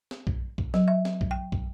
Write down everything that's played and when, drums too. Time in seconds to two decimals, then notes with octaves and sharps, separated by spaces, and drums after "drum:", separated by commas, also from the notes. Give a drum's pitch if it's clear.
0.11 drum: snare B3
0.27 drum: kick
0.58 drum: kick
0.74 F#3, drum: snare B3
0.88 E5
1.05 drum: snare B3
1.21 drum: kick
1.31 G5
1.52 drum: kick